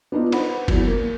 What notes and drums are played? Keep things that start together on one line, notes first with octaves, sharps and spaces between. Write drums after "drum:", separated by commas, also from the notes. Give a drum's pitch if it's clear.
B3 D4 D#4 F4
B4 C5 F#5 B5, drum: cymbal
E2 F#3, drum: kick, cymbal
A#3